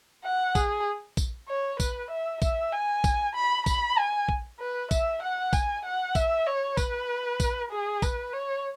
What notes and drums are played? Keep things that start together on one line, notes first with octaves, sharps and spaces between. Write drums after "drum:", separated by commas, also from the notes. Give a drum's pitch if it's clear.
F#5
G#4, drum: kick A#1, tambourine
drum: kick A#1, tambourine
C#5
B4, drum: kick A#1, tambourine
E5
E5, drum: kick A#1, tambourine
G#5
drum: kick A#1, tambourine
B5
B5, drum: kick A#1, tambourine
G#5
drum: kick A#1
B4
E5, drum: kick A#1, tambourine
F#5
G#5, drum: kick A#1, tambourine
F#5
E5, drum: kick A#1, tambourine
C#5
B4, drum: kick A#1, tambourine
drum: kick A#1, tambourine
G#4
B4, drum: kick A#1, tambourine
C#5